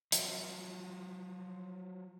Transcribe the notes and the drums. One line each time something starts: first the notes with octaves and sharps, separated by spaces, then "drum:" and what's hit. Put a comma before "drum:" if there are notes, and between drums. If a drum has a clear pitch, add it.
F3 F#3, drum: hi-hat